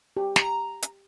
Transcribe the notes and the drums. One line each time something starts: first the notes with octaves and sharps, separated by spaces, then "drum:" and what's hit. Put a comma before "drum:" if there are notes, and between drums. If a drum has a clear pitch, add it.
G4
A#5, drum: snare
drum: hi-hat